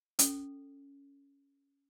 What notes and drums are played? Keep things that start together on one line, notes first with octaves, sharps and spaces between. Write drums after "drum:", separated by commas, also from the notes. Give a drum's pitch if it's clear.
C#4 A4, drum: hi-hat